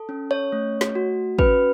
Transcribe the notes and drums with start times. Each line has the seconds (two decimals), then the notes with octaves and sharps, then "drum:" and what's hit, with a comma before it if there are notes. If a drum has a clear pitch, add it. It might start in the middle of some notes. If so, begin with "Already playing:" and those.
Already playing: A4
0.09 C#4
0.31 C#5
0.52 A3
0.81 drum: snare
0.95 F#4
1.39 C#4 B4, drum: kick